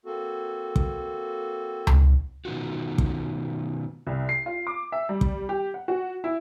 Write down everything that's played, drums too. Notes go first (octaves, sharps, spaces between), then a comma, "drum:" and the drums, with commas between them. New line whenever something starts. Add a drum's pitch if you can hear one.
A#3 C4 F#4 A4
drum: kick
drum: tom C#2
B2 D#3 C#4 F4 F#4
drum: kick
C2
C7
F4
D6
E5
G3
drum: kick
G4
F#5
F#4
E4